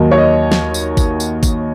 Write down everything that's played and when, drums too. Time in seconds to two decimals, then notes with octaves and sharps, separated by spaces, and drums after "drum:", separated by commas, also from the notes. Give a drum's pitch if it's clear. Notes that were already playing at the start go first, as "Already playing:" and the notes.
Already playing: D#2 D#3 F#3
0.11 C#5
0.18 D#5
0.52 drum: snare
0.74 drum: tambourine
0.97 drum: kick G1, tambourine
1.20 drum: tambourine
1.43 drum: kick G1, tambourine